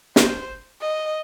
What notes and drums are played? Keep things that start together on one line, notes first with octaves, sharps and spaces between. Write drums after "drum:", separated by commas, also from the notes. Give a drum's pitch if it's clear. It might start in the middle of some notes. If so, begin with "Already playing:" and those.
C5, drum: snare
D#5